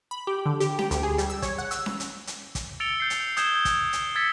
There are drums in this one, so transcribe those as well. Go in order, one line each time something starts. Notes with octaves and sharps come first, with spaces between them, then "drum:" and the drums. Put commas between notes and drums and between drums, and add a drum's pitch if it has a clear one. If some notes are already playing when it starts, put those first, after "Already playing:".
B5
G4
D3
G4, drum: hi-hat
G4, drum: snare C#4
D2, drum: hi-hat
G#4
G3, drum: hi-hat
E6
C#5, drum: kick, hi-hat
F#5
E6, drum: hi-hat
drum: snare C#4
drum: hi-hat
drum: hi-hat
drum: kick, hi-hat
E6 A6 C#7 D7 F7 G7
G6 C7
drum: hi-hat
D#6 G6 G#6 E7 G7, drum: hi-hat
drum: kick, hi-hat
drum: hi-hat
E6 G#6 A6 B6 C#7